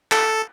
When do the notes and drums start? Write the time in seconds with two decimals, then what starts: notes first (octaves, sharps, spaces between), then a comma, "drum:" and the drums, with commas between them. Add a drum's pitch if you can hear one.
0.11 A4, drum: clap